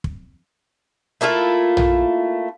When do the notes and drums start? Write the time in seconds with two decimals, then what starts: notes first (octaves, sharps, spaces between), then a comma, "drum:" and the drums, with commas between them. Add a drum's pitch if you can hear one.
0.04 drum: kick
1.21 A3 A#3 E4 F4
1.77 drum: tom A#1